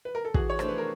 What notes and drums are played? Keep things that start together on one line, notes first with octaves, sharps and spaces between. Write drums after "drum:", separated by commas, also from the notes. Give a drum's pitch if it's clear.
B4
A#4
A4
E3 F#4 G#4, drum: kick
C#5
A3 D4 C5, drum: rim click
B4
A#4